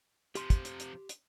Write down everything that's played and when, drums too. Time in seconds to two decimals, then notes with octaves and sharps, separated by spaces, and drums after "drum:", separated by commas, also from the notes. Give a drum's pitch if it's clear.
0.35 C3 F3 G4 C6, drum: hi-hat
0.50 drum: kick, hi-hat
0.65 drum: hi-hat
0.80 drum: hi-hat
1.09 drum: hi-hat